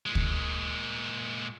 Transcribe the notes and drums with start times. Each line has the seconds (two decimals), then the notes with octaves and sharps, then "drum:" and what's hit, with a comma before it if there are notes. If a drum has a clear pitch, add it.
0.06 A#2 G#3
0.15 drum: kick D2